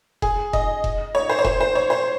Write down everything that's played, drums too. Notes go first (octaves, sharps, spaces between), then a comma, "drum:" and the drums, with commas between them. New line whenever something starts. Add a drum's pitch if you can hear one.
G#4, drum: kick F1
D#5, drum: kick F1
drum: kick F1
C#5
C5
C#5
C5, drum: kick F1
C5
C#5
C5